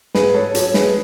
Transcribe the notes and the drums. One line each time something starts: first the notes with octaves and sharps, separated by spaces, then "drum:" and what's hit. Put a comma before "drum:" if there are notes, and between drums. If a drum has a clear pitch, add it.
G#2 G#4 B4, drum: snare
A4 C#5
F#3 C#4 A4 C#5, drum: hi-hat
G#4 B4, drum: snare